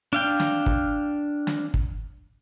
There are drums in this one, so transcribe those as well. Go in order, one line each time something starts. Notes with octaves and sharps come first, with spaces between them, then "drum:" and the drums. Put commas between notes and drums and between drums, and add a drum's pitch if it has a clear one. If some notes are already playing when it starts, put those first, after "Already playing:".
D4 F5 G5
drum: snare
drum: kick
drum: snare
drum: kick